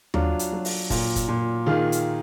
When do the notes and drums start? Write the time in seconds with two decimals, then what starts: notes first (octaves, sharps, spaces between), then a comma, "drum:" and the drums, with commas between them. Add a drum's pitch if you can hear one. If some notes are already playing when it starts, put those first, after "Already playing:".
0.14 F#3 D4 F4, drum: tom D#2
0.39 drum: hi-hat
0.52 F#3
0.65 drum: open hi-hat
0.90 A#2, drum: kick, open hi-hat
1.16 drum: kick, hi-hat
1.29 A#2
1.66 D#3 F4 G#4
1.92 drum: hi-hat